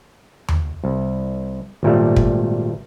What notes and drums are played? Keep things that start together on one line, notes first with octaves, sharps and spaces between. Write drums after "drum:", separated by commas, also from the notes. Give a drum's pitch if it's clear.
drum: tom D#2
C2
G#1 A#2 G3 A3
drum: kick